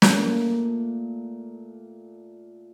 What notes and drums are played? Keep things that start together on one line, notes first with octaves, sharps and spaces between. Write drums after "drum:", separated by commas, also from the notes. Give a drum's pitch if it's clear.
A#2 A3 A#3, drum: snare